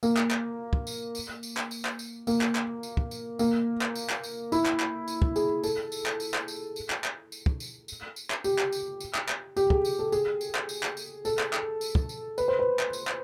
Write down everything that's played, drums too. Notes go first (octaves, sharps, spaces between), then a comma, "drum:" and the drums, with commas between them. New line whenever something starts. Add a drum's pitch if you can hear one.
A#3, drum: tambourine
drum: clap
drum: clap
drum: kick
drum: tambourine
drum: tambourine
drum: tambourine
drum: clap
drum: tambourine
drum: clap
drum: tambourine
A#3, drum: tambourine
drum: clap
drum: clap
drum: tambourine
drum: kick
drum: tambourine
A#3, drum: tambourine
drum: clap
drum: tambourine
drum: clap
drum: tambourine
E4, drum: tambourine
drum: clap
drum: clap
drum: tambourine
drum: kick
G#4, drum: tambourine
A4, drum: tambourine
drum: tambourine
drum: clap
drum: tambourine
drum: clap
drum: tambourine
drum: tambourine
drum: clap
drum: clap
drum: tambourine
drum: kick
drum: tambourine
drum: tambourine
drum: tambourine
drum: clap
G4, drum: tambourine
drum: clap
drum: tambourine
drum: tambourine
drum: clap
drum: clap
G4, drum: tambourine
G#4, drum: kick
drum: tambourine
A4
G#4, drum: tambourine
drum: tambourine
drum: clap
drum: tambourine
drum: clap
drum: tambourine
A4, drum: tambourine
drum: clap
drum: clap
drum: tambourine
drum: kick
drum: tambourine
B4, drum: tambourine
C5
B4
drum: clap
drum: tambourine
drum: clap